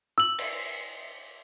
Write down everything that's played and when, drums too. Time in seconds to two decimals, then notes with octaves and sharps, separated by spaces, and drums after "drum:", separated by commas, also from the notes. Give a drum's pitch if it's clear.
0.18 E6 F#7
0.39 drum: cymbal